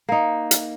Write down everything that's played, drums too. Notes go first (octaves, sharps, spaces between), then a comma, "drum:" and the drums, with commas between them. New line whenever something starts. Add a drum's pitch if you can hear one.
A#3 D#4
drum: hi-hat